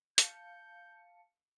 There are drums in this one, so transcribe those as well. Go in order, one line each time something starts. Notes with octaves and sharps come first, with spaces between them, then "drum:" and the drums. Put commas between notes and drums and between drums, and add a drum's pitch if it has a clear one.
F5 A5 G6 C#7, drum: hi-hat